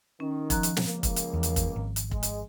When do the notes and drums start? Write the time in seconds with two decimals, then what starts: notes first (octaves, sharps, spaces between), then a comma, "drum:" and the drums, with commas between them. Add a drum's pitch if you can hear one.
0.20 D#3 C#4
0.50 F3 A#5 F#6, drum: kick, hi-hat
0.63 drum: hi-hat
0.77 drum: snare
0.86 C#2 A#3
1.03 drum: kick, hi-hat
1.16 drum: hi-hat
1.34 E2
1.43 drum: hi-hat
1.56 drum: kick, hi-hat
1.76 G#1
1.96 drum: hi-hat
2.11 G#3, drum: kick
2.23 drum: hi-hat